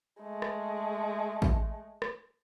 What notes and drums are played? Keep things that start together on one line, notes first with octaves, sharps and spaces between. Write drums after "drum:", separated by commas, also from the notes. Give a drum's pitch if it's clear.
G#3 A3
drum: rim click
drum: kick A1
drum: rim click